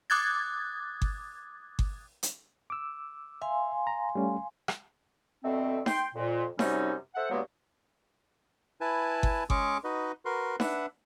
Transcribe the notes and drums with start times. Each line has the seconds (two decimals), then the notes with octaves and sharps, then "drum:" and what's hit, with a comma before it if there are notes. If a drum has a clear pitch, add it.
0.10 D6 D#6 F#6 G#6 A6
1.02 drum: kick G1
1.79 drum: kick G1
2.23 drum: hi-hat
2.70 D6 E6
3.42 E5 F5 G#5 C6
3.87 A#5
4.15 G3 A3 C#4
4.68 drum: rim click
5.44 B2 D3 A3 C4
5.86 G5 C6, drum: snare D#4
6.15 F2 A#2
6.59 F#2 C3 F#3 G3 C#4 D#4, drum: snare D#4
7.15 A4 C5 E5 F#5
7.30 E2 G2 F#3 G#3 A#3 B3
8.81 E4 B4 G#5 A5
9.23 drum: kick G1
9.50 G#3 C#4 G#4 C#6 D6, drum: kick G1
9.84 D#4 F#4 B4 D#5
10.25 F#4 A#4 B4 C6
10.60 D4 B4 E5 F#5, drum: snare D#4